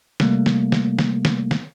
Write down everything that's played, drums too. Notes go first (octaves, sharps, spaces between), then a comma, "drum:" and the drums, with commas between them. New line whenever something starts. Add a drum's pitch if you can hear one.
C3 G3 A3 A#3, drum: snare
drum: snare
drum: snare
drum: snare
drum: snare
drum: snare